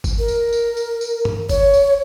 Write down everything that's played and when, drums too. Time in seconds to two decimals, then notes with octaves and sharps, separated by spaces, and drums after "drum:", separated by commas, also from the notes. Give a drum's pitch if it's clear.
0.04 drum: kick G1, tambourine
0.19 A#4
0.28 drum: tambourine
0.53 drum: tambourine
0.77 drum: tambourine
1.01 drum: tambourine
1.25 drum: tom
1.49 C#5, drum: kick G1, tambourine
1.74 drum: tambourine